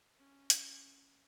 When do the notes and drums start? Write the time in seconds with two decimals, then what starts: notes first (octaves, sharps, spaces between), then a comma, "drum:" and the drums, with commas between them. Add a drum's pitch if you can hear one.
0.18 C#4
0.50 drum: hi-hat